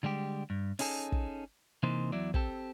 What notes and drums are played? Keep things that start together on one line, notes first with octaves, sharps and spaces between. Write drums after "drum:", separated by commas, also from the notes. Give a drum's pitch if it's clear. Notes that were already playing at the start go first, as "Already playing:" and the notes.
D3 G3 G#3 G4
G2
C#4 D#4 G#4 A4, drum: open hi-hat
drum: kick
C3 E3 A#3 D#4 C5
E2 F#3 E4 D5
C4 G4 A4, drum: kick